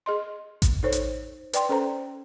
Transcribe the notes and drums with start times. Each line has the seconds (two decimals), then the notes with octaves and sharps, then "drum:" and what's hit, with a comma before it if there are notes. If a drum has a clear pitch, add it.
0.06 G#4 D#5 C6
0.62 drum: kick A1, hi-hat
0.83 D#4 A4 C5 C#5
0.92 drum: hi-hat
1.53 B4 D5 G5 C6, drum: hi-hat
1.69 C#4 A4 C5 A#5